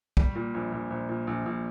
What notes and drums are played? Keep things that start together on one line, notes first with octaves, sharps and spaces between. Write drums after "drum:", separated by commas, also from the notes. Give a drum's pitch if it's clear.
G3, drum: kick
A#2
A#1
A#1
A#1
A#2
A#1
A#1